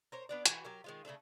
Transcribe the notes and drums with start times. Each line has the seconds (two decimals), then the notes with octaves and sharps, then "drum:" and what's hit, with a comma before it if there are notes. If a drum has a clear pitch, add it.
0.12 A#4 C5 C#5
0.29 B3 D4 D5
0.46 E3 F#4 G#5, drum: hi-hat
0.65 F#3 G4 A#4
0.84 D#3 G#3 F4
1.05 C#3 A3 D4 A4